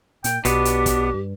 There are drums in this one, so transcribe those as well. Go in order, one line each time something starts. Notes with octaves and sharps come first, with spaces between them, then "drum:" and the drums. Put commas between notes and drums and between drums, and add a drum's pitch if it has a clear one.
A#2 G5, drum: hi-hat
B1 B2 B3 D4 G4, drum: hi-hat
drum: hi-hat
drum: kick, hi-hat
G2